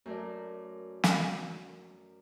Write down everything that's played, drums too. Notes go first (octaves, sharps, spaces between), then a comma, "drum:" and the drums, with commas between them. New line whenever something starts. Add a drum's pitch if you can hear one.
F#2 A3 A#4 D5
drum: snare